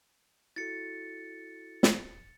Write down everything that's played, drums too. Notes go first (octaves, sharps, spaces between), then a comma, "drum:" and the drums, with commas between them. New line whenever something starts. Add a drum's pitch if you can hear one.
E4 F#4 A4 A6 C#7
drum: snare